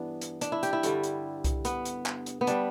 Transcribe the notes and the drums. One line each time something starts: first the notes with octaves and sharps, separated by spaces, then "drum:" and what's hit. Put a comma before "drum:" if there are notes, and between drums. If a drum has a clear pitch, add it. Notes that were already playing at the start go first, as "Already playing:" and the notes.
Already playing: G2 E3 B3 D4
drum: hi-hat
D4, drum: hi-hat
E4
G4, drum: hi-hat
E4
G2 D3 G3, drum: hi-hat
drum: hi-hat
drum: kick C2, hi-hat
B3, drum: hi-hat
drum: hi-hat
drum: clap
drum: hi-hat
B3
G3 D4, drum: hi-hat